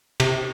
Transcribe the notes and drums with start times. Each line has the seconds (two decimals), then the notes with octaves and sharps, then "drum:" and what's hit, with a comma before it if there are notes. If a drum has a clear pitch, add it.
0.20 C3, drum: cymbal